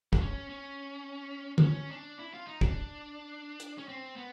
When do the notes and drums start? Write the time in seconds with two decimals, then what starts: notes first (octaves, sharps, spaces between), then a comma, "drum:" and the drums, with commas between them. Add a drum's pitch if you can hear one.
0.13 D4, drum: kick
0.21 C#4
0.50 C#4
1.58 C4, drum: tom D3
1.62 C#4
1.91 D4
2.19 E4
2.34 F4
2.47 D#4
2.61 D4, drum: kick
3.60 drum: hi-hat
3.78 C#4
3.88 C4
4.16 B3